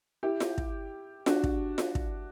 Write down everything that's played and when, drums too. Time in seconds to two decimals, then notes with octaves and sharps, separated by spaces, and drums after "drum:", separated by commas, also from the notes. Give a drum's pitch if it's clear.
0.23 E4 G4
0.40 drum: snare F4
0.58 drum: kick
1.26 D4 F#4, drum: snare F4
1.44 drum: kick
1.78 drum: snare F4
1.95 drum: kick